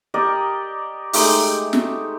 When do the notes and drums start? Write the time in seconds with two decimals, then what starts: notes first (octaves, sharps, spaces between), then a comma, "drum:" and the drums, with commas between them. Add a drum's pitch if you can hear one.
0.14 G4 A#4 D5 D#5
1.13 G#3 A3 D#4 G4, drum: open hi-hat
1.73 drum: snare